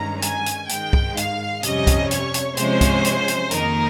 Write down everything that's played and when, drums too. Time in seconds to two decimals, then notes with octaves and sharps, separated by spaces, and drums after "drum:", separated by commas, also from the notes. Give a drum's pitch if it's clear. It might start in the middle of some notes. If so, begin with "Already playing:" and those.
Already playing: G2 D#3 G#3 C#4 A#5
0.22 G#5, drum: hi-hat
0.46 drum: hi-hat
0.69 G#2 D#3 G#3 G5, drum: hi-hat
0.93 drum: kick C2
1.17 F5, drum: hi-hat
1.63 F2 C3 G3 C#4 D#5, drum: hi-hat
1.87 drum: kick C2, hi-hat
2.11 C#5, drum: hi-hat
2.34 drum: hi-hat
2.57 C3 F3 G#3 C#4 C5, drum: hi-hat
2.81 drum: kick C2, hi-hat
3.04 drum: hi-hat
3.28 drum: hi-hat
3.51 F2 D#3 A#3 D#4 A#4, drum: hi-hat